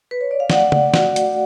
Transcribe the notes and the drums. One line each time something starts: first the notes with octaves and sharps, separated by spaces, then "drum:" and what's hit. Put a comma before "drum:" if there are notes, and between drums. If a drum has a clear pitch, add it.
B4
C#5
D5
F5
A3 D5 F#5, drum: snare
drum: tom C#3
F#4, drum: snare
drum: hi-hat